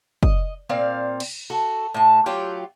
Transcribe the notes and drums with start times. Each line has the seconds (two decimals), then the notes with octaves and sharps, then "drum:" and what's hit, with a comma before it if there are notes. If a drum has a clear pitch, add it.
0.23 D#5, drum: kick
0.69 A#2 C4 D5 F5
1.20 drum: cymbal
1.50 F#4 A4
1.94 A2 A5
2.26 F#3 F4 G4